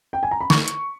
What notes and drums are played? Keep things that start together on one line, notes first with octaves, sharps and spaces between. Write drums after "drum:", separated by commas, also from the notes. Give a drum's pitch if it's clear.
G5
G#5
A#5
B5
C#6, drum: snare
drum: hi-hat